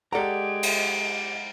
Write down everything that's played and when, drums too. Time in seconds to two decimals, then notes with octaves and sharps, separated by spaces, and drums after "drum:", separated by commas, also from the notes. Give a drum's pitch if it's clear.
0.13 G#3 G4 A4 D5 F#5 A#5 D7
0.63 drum: cymbal